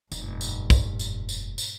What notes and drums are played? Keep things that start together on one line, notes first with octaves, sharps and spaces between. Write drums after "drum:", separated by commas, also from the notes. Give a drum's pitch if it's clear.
F1 G2 A#2, drum: tambourine
drum: tambourine
drum: kick, tambourine
drum: tambourine
drum: tambourine
drum: tambourine